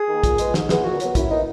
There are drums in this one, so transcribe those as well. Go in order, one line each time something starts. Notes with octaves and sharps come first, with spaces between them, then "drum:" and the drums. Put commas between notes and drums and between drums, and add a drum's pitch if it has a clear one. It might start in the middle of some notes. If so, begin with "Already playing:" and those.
Already playing: G#4
D#3 A#3
A#2, drum: kick, hi-hat
G#3 B3, drum: hi-hat
G#2, drum: snare
E3 G#3 B3, drum: snare
A#2 F#4
F#3 B3, drum: hi-hat
F#2 E4, drum: kick, hi-hat
E3 A#3 D#4